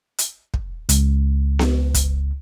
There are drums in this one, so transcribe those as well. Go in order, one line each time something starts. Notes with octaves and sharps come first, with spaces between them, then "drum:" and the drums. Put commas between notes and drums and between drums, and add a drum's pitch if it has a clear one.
drum: hi-hat
drum: kick
C#2, drum: hi-hat
drum: snare B3
drum: kick, hi-hat